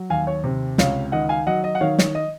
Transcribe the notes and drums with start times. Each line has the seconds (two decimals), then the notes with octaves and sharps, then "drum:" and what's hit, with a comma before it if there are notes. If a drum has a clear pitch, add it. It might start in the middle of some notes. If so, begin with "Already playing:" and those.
Already playing: F#3
0.10 D#2 F5 G#5
0.27 C#5
0.44 C3
0.78 C#2 C#5 F5, drum: snare
1.12 D#3 D#5 F#5
1.29 F5 G#5
1.47 F#3 D#5 F#5
1.64 D#5
1.75 F#5
1.81 D#3 C#5 F5
1.99 C#5, drum: snare
2.15 D#5